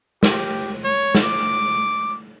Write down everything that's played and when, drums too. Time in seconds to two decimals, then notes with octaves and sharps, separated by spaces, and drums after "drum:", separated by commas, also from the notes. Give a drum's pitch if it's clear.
0.23 G4, drum: snare
0.84 C#5
1.15 drum: snare
1.24 D6